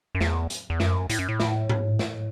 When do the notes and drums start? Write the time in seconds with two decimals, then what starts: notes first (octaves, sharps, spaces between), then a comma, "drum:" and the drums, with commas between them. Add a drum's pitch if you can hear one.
0.15 F#2
0.20 E2, drum: snare
0.50 drum: hi-hat
0.70 E2
0.80 F#2, drum: snare
1.10 A2, drum: hi-hat
1.19 F#2
1.28 A2
1.40 drum: snare
1.69 drum: tom G#2
1.99 drum: snare